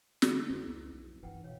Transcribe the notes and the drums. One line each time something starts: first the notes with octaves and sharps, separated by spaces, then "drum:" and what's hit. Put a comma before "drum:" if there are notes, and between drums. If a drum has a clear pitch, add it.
D3 D#4 D#5 E5, drum: snare
F2 E4 G#4 B4
C#2
B1
G2 E3 D#4 B4 F#5 G5
B2 C#5 F5